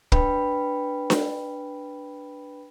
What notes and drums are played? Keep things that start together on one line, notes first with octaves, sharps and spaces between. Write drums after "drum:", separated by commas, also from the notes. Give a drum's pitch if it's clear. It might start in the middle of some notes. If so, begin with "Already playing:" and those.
D4 B4 G5 B5, drum: kick
drum: snare D4